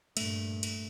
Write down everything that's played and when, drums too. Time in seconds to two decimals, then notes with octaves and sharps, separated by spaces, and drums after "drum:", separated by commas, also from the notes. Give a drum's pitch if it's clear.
0.17 G2 A#2 A3, drum: cymbal
0.63 drum: cymbal